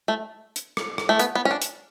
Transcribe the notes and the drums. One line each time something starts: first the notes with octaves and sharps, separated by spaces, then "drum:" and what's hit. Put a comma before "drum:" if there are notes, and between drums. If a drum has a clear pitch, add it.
A3
drum: hi-hat
drum: rim click
drum: rim click
A3
B3, drum: hi-hat
B3
C#4
D4
drum: hi-hat